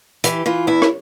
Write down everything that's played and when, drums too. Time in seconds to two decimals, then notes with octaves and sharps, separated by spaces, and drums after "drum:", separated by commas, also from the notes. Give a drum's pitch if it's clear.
0.24 E3 G4, drum: hi-hat
0.46 E3 F4
0.67 E2 E4
0.82 drum: rim click